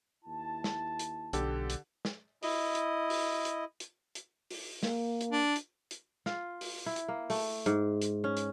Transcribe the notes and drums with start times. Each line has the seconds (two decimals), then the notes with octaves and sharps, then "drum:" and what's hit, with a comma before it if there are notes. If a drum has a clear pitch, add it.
0.25 D#2 E4 A5
0.64 drum: snare
0.99 drum: hi-hat
1.33 B1 D3 G4 A4, drum: hi-hat
1.70 drum: hi-hat
2.05 drum: snare
2.43 E4 D#5, drum: open hi-hat
2.75 drum: hi-hat
3.10 drum: open hi-hat
3.45 drum: hi-hat
3.80 drum: hi-hat
4.15 drum: hi-hat
4.50 drum: open hi-hat
4.83 A#3, drum: snare
5.21 drum: hi-hat
5.31 D4
5.56 drum: hi-hat
5.91 drum: hi-hat
6.26 F4, drum: snare
6.61 drum: open hi-hat
6.86 E4
6.96 drum: hi-hat
7.08 A#3
7.30 A3, drum: open hi-hat
7.66 G#2, drum: hi-hat
8.02 drum: hi-hat
8.24 C#4
8.37 drum: hi-hat